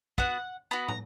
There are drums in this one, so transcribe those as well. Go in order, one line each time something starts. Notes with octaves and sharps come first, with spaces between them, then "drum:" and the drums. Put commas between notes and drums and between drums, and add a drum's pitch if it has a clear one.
B3 F#4 F#5, drum: kick
B3 F#4 B5
A#5, drum: tom